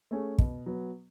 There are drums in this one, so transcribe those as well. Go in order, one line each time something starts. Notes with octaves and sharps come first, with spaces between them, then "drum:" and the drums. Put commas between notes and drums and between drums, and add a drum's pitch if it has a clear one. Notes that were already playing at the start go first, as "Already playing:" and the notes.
A3 C#4 G#4
B2, drum: kick
F#3 B3